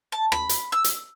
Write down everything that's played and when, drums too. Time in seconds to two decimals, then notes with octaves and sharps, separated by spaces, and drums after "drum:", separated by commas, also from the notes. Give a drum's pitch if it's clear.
0.12 A5
0.32 B5, drum: rim click
0.49 drum: hi-hat
0.72 E6
0.84 drum: hi-hat